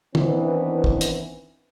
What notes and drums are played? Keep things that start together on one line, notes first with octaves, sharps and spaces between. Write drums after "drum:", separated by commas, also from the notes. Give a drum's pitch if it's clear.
D#3 E3 B3 C4 D4 E4, drum: tom
drum: kick
drum: hi-hat